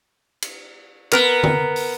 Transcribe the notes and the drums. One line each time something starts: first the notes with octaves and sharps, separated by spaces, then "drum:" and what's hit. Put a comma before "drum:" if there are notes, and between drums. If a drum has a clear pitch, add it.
drum: cymbal
B3 A#4, drum: clap
drum: tom D3
drum: open hi-hat